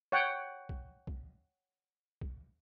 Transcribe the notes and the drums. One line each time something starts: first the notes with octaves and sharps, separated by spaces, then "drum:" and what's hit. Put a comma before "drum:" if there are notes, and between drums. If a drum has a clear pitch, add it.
C#5 F#5 G5
drum: kick
drum: kick
drum: kick